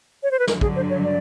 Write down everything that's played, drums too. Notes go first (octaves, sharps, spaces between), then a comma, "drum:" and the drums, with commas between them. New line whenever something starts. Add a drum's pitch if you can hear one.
C#5
C5
B4
G2 D3 F#3 A#4, drum: snare
G#4, drum: kick
C5
C#5
D5